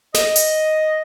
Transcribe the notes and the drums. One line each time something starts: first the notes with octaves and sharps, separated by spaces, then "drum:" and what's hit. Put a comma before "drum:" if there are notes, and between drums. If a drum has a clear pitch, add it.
D#5, drum: snare
drum: hi-hat